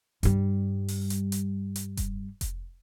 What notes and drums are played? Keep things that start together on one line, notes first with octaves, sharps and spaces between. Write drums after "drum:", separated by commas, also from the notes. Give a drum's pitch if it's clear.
G2 G3, drum: hi-hat
drum: open hi-hat
drum: hi-hat
drum: hi-hat
drum: hi-hat
drum: kick F1, hi-hat
drum: kick F1, hi-hat